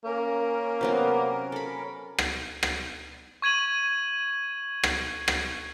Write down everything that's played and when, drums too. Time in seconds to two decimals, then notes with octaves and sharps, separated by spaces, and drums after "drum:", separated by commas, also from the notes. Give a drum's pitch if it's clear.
0.04 A#3 C#4 A#4
0.81 C3 F#3 B3
1.52 A4 B5
2.18 drum: rim click
2.63 drum: rim click
3.42 C#6 G#6 D#7 F#7
4.83 drum: rim click
5.28 drum: rim click